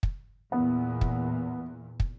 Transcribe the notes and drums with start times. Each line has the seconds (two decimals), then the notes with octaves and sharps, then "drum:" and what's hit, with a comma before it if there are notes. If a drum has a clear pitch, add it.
0.03 drum: kick
0.52 E2 A#2 B3
1.01 drum: kick
2.00 drum: kick